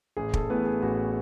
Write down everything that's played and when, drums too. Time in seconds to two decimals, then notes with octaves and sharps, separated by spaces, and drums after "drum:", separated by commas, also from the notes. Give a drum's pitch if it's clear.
0.17 A1 G#4
0.34 A4, drum: kick
0.50 A2 E3 B3 B4
0.66 G#4
0.82 A1 F#4